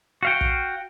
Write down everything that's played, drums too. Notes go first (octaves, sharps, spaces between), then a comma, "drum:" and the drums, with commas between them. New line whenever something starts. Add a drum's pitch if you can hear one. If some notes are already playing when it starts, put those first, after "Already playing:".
F#4 F5 G5
drum: kick